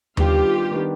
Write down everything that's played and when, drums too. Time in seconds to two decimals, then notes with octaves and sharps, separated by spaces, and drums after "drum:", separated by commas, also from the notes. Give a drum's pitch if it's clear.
0.17 D#3 G3 B3 D4 F4 G4, drum: tom D#2
0.71 D#3 G3 B3 D4